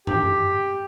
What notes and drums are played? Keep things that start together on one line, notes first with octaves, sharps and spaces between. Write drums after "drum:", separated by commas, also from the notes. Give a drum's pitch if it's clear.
G4, drum: tom F#2